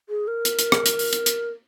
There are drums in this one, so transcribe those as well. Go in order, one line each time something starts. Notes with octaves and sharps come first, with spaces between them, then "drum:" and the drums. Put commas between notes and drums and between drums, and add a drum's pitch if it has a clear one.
G#4
A#4
drum: hi-hat
drum: hi-hat
drum: rim click
drum: hi-hat
drum: open hi-hat
drum: hi-hat
drum: hi-hat